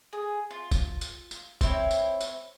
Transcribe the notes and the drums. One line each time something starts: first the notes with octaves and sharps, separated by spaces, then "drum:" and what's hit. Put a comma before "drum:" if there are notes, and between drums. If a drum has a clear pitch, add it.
G#4
F4
drum: kick, tambourine
drum: tambourine
drum: tambourine
C4 E4 C#5, drum: kick, tambourine
drum: tambourine
drum: tambourine